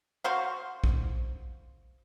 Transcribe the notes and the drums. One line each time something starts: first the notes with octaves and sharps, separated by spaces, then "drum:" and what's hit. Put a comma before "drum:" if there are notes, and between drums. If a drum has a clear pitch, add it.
F#4 C5 F5
drum: kick A#1